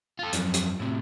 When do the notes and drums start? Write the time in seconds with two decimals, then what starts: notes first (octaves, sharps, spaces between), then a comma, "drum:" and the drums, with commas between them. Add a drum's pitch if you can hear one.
0.19 F4 A4
0.33 F#2 F3, drum: hi-hat
0.54 drum: hi-hat
0.79 A2 C3